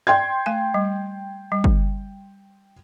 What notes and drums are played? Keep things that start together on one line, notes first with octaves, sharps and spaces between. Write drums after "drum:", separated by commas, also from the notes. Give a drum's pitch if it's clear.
D5 G5 C6 G#6
A3 G#5
G3
G3
drum: kick